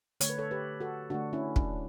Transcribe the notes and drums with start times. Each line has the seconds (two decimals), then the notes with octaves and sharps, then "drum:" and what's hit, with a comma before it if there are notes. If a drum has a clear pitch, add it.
0.21 D3 A3 C#5, drum: hi-hat
0.29 B4
0.39 A4 C#5
0.51 G4 B4
0.80 F#4 A4
1.10 D3 A3 D4 F#4
1.33 C#4 E4
1.56 D4, drum: kick